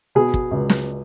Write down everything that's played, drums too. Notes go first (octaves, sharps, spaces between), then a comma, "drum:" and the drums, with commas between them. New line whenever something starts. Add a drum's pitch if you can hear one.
B2 G#4
drum: kick
C#2
drum: snare